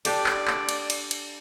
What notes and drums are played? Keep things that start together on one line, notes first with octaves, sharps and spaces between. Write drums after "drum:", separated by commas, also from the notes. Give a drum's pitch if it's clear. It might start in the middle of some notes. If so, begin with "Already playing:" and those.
D4 G4 A4 D5, drum: cymbal
drum: clap
drum: clap
drum: cymbal
drum: cymbal
drum: cymbal